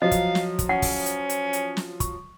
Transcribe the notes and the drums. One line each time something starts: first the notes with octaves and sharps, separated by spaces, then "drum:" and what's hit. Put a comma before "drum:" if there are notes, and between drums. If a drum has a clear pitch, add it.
F3 F#3 D#5 F5
drum: kick, hi-hat
drum: snare
drum: kick, hi-hat
C#4 F#5
drum: kick, open hi-hat
drum: hi-hat
drum: hi-hat
drum: hi-hat
drum: snare
C#6, drum: kick, hi-hat